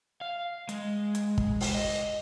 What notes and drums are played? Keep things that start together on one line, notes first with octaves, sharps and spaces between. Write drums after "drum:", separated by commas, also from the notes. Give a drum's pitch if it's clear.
F5
G#3, drum: hi-hat
drum: hi-hat
drum: kick
drum: open hi-hat
D#5